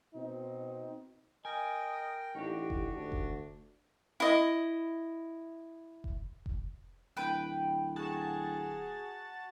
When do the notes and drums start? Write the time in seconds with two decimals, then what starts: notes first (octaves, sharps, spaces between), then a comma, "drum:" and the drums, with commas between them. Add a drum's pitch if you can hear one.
0.14 B2 C4 D#4
1.45 A#4 D#5 G5 G#5
2.35 A1 D4 D#4 F#4 G4
2.70 drum: kick F1
2.96 D2 D4
3.12 drum: kick F1
4.20 E4 D#5
6.04 drum: kick F1
6.46 drum: kick F1
7.17 D1 B4 G5
7.96 F#4 G#4 A5